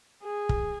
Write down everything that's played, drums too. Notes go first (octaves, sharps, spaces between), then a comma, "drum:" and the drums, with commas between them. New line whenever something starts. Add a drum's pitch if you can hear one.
G#4
drum: kick